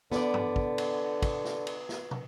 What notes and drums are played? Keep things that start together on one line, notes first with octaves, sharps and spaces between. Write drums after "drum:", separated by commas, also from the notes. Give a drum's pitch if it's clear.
D3 B3 D5, drum: snare
drum: tom G2
drum: kick
drum: cymbal
drum: kick, cymbal
drum: snare
drum: cymbal
drum: snare
drum: tom